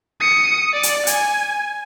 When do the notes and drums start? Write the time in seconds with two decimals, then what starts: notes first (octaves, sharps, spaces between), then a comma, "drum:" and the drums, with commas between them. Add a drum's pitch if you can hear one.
0.21 D#6 C#7
0.73 D5
0.83 drum: hi-hat
1.07 G#5, drum: hi-hat